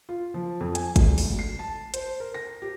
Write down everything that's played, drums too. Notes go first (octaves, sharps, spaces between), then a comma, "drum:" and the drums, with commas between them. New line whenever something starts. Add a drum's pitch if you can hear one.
F4
F3
F2
G#5, drum: hi-hat
E1, drum: kick, hi-hat
D2, drum: open hi-hat
C7
A5
C5, drum: hi-hat
A#4
A#6
G4